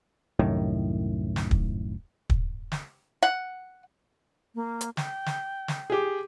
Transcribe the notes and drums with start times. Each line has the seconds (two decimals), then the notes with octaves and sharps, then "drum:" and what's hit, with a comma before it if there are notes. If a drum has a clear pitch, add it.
0.39 C2 F#2 A2 D#3
1.36 drum: snare
1.51 drum: kick
2.30 drum: kick
2.72 drum: snare
3.23 F#5
4.55 A#3
4.81 drum: hi-hat
4.97 G5, drum: snare
5.26 drum: snare
5.68 drum: snare
5.90 G4 G#4